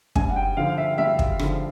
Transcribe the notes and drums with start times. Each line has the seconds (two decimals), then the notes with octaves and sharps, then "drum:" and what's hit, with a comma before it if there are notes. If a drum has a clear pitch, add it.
0.15 G2 G#5, drum: kick
0.29 F#5
0.36 G5
0.57 D3 F3 F5
0.78 E5
0.98 G2 E5
1.19 drum: kick
1.39 D3 F3, drum: rim click